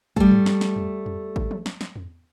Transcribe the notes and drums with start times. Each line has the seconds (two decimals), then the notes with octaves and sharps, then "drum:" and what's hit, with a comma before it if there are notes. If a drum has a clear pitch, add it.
0.16 G3 A3, drum: kick G#1
0.31 drum: tom
0.46 drum: snare
0.61 drum: snare
0.76 drum: tom E2
1.06 drum: tom E2
1.36 drum: kick G#1
1.51 drum: tom
1.66 drum: snare
1.81 drum: snare
1.96 drum: tom E2